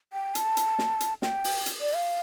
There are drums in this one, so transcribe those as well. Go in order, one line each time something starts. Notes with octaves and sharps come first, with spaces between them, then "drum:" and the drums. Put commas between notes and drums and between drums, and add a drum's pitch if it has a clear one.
G5
A5, drum: hi-hat
drum: hi-hat
drum: snare
drum: hi-hat
G5, drum: snare
drum: open hi-hat
drum: hi-hat
D5
F5